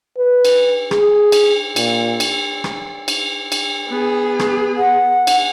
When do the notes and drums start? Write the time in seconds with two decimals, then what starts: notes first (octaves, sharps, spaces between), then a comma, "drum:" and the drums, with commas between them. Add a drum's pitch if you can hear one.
0.17 B4
0.45 drum: cymbal
0.91 G#4, drum: rim click
1.32 drum: cymbal
1.76 A#2, drum: cymbal
2.20 drum: cymbal
2.64 drum: rim click
3.08 drum: cymbal
3.52 drum: cymbal
3.88 B3 G#4
4.39 drum: rim click
4.77 F#5
5.27 drum: cymbal